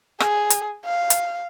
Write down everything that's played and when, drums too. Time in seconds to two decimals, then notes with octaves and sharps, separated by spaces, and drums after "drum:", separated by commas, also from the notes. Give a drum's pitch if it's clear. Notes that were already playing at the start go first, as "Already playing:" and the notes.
0.20 G#4, drum: rim click
0.50 drum: hi-hat
0.85 F5
1.10 drum: hi-hat